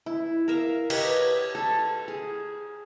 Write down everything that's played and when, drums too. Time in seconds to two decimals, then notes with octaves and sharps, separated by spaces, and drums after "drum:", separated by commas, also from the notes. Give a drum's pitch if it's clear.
0.06 E4
0.48 A#4 E5 F5 A#5
0.90 G4 B4 C#5 D#5, drum: cymbal
1.55 A4
2.08 G#4